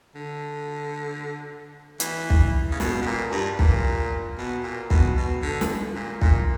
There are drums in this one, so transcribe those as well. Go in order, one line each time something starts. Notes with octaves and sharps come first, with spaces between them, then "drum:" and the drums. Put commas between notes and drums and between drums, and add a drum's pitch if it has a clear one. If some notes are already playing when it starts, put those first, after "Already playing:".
D3
E3, drum: hi-hat
drum: kick
C#3
B2, drum: snare
B2
A#2
G2
A#2, drum: kick
B2
A#2
B2, drum: kick
B2
D3
drum: snare
A#2
A#2, drum: kick